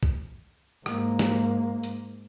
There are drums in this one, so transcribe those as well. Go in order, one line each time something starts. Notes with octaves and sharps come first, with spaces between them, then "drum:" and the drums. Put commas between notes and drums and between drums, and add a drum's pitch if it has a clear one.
drum: kick C2
G#2 A#3, drum: rim click
drum: snare
drum: hi-hat